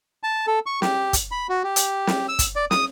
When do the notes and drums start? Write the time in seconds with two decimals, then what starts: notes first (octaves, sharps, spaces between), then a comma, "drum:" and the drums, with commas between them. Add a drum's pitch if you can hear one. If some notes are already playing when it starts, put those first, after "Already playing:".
0.23 A5
0.47 A4
0.66 C#6
0.82 G4, drum: snare
1.13 drum: kick, hi-hat
1.31 B5
1.49 F#4
1.63 G4
1.76 drum: hi-hat
2.07 drum: snare
2.29 E6
2.39 drum: kick, hi-hat
2.56 D5
2.71 D#6, drum: snare